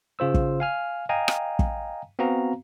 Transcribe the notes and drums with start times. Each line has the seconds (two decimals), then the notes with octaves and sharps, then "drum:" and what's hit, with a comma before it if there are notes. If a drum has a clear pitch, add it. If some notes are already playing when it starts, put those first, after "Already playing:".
0.19 C#3 F4 C5 E6
0.34 drum: kick
0.60 F5 G#5 F6
1.09 D#5 F5 G5 G#5 A#5
1.28 drum: rim click
1.59 drum: kick
2.19 B3 C4 F#4 F5 A#5